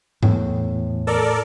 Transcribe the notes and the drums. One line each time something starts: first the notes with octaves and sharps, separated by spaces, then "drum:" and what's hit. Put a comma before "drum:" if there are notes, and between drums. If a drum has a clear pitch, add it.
E2 A2, drum: tom G#2
A4 A#4 D5